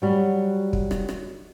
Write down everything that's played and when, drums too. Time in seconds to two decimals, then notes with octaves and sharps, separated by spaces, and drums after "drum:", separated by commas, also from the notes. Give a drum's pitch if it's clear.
0.02 F#3 G3
0.73 drum: kick
0.91 drum: rim click
1.09 drum: rim click